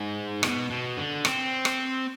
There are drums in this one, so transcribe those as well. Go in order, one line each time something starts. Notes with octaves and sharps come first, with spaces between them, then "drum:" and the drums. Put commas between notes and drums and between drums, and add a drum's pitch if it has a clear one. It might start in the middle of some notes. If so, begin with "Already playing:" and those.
Already playing: G#2
B2, drum: rim click
B2
D3
C4, drum: rim click
drum: rim click